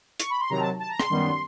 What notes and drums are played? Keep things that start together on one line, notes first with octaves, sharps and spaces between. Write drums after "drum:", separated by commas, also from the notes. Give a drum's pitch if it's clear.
C#6, drum: hi-hat
B5
C6
C3 D#3 F#3 A#5
A5
A5
A#5
C6, drum: rim click
F#2 D#3 G3 B3